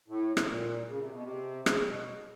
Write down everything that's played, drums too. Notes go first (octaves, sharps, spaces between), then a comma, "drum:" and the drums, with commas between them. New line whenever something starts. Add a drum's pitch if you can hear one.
A2
A2, drum: rim click
A#2
C#3
C3
B2
C3
C#3, drum: rim click
B2